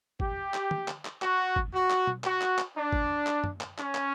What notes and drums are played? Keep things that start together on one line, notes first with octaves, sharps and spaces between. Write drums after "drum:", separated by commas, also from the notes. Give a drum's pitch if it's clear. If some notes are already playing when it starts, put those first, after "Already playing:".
G4, drum: kick
drum: clap
drum: tom
drum: clap
drum: clap
F#4, drum: clap
drum: kick
F#4
drum: clap
drum: tom B2
F#4, drum: clap
drum: clap
drum: clap
D4
drum: kick
drum: clap
drum: tom F#2
drum: clap
C#4, drum: clap
drum: clap